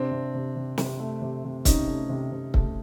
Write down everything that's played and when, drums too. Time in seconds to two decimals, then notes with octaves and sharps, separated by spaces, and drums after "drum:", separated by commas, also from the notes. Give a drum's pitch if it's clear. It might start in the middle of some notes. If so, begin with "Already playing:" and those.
Already playing: C3 C4 D4
0.11 C3
0.34 C3
0.56 C3
0.78 C3, drum: snare
1.00 A3
1.22 C3
1.44 C3
1.65 C3 C#4 D#4, drum: kick C#1, hi-hat
1.88 A3
2.09 C3
2.32 C3
2.54 A3, drum: kick C#1